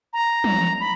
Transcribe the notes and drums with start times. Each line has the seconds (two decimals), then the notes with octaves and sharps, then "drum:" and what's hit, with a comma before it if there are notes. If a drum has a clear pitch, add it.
0.13 A#5
0.44 drum: tom
0.80 B5